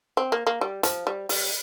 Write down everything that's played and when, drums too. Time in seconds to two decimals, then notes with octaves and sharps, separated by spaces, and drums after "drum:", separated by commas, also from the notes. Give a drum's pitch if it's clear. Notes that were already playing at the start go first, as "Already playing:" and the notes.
0.17 C4
0.32 A#3
0.47 A#3
0.61 G3
0.83 F3, drum: hi-hat
1.07 G3
1.29 G3, drum: open hi-hat